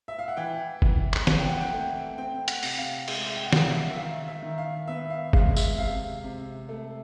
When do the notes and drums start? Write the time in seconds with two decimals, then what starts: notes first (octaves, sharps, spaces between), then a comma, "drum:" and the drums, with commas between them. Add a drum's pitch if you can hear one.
0.08 E5
0.19 F5
0.28 F#5
0.37 E3 G5
0.82 E3, drum: kick G1
1.13 drum: clap
1.27 C4, drum: snare
1.39 G5
1.49 F#5
1.61 G5
1.72 A3
2.18 C4 G5
2.48 F#5, drum: hi-hat
2.63 C3, drum: open hi-hat
2.77 F5
3.08 G#3 E5, drum: cymbal
3.36 G5
3.46 F#5
3.53 D#3 F5, drum: snare
3.68 E5
3.93 E5
3.97 D#3 F5
4.28 E5
4.42 D#3
4.58 F5
4.88 B3 E5
5.10 F5
5.33 G#3 F5, drum: kick G1
5.56 E5, drum: tambourine
5.78 C3 F5
6.24 C3
6.69 A3